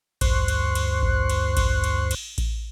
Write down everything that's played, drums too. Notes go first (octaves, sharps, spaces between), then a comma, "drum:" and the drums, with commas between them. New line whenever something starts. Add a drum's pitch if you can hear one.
D2 G2 C5 C6 C#6 F#6, drum: kick A1, cymbal
drum: cymbal
drum: cymbal
drum: kick A1
drum: cymbal
drum: kick A1, cymbal
drum: cymbal
drum: cymbal
drum: kick A1, cymbal